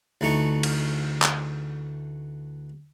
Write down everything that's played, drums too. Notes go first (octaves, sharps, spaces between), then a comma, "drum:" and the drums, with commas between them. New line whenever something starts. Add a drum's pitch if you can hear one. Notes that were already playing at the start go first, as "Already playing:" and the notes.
D2 E3 A3 D#4 C#6
drum: cymbal
drum: clap